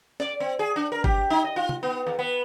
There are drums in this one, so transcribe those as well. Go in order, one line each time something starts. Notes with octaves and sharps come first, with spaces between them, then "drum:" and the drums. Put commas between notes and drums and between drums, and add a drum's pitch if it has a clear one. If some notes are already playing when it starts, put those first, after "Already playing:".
D5, drum: snare
C4
G#4
D4
A#4
G4, drum: kick G1
D#4
D#5
F4
drum: tom
B3
E2
B3